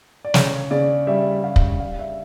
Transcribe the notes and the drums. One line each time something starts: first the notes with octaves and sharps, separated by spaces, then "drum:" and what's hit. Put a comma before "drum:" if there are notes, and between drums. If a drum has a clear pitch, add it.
D5
C#3 C#5, drum: snare
C#3 D5
G3 E5
G3 F5
drum: kick
G3 F5
E5